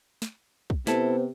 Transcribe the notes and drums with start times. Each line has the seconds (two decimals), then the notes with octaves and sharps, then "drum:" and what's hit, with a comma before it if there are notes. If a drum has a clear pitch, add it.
0.22 drum: snare
0.70 drum: kick
0.87 C3 B3 E4 A4 C5, drum: snare